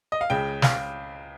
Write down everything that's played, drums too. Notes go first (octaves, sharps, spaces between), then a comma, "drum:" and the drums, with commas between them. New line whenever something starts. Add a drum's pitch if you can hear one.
D#5
F5
C#2 C#3 G5
F5, drum: snare